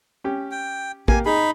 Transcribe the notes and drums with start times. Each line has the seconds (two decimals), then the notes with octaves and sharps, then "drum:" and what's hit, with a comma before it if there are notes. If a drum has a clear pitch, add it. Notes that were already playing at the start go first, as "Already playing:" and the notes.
0.24 C#4 G4
0.51 G5
1.08 A#3 G4 G#5, drum: kick A1
1.26 D#4 G#4 B5